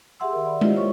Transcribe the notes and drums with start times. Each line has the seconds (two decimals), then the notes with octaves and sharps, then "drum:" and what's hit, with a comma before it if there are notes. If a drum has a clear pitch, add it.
0.20 G4 G#4 E5 F#5 C6 E6
0.33 D#3 A#4
0.46 D5 B5
0.61 E4 F4 G4 C5 D#5, drum: tom G#3
0.76 C#5 C#6